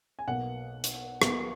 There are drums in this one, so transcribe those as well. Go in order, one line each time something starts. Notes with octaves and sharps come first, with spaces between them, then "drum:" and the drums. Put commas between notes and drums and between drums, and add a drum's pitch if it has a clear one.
G#5
B1 B2 A#3 F#5
drum: hi-hat
B1 B2 A#3, drum: rim click